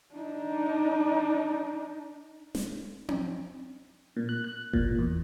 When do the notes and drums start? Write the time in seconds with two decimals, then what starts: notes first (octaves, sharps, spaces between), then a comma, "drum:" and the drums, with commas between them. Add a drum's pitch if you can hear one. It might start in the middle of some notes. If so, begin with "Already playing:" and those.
0.15 D4 D#4
2.55 drum: snare
3.09 drum: tom C4
4.17 A#2
4.29 F#6
4.44 F#6
4.73 A#2, drum: kick F#1
4.99 E2